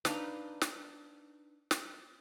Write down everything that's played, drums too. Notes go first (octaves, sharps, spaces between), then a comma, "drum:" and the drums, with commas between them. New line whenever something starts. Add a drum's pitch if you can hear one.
D4 D#4 B4 F5, drum: snare
drum: snare
drum: snare